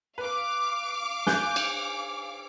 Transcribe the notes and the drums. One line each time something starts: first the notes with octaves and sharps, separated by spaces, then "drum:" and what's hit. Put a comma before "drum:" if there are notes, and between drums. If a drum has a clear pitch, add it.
B4 F5 D6
G#5 F#6 G6, drum: snare
drum: cymbal